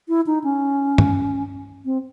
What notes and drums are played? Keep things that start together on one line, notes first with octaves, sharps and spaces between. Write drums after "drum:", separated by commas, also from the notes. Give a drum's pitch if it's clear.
E4
D#4
C#4
drum: tom G2
C4